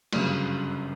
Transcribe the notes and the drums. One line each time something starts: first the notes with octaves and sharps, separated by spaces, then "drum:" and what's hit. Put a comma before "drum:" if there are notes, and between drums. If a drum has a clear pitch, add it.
G1 F#2 C#3, drum: cymbal